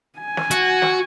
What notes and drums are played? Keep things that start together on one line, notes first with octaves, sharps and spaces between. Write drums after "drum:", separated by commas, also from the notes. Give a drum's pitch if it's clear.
G#5
drum: snare
F#4, drum: hi-hat
drum: snare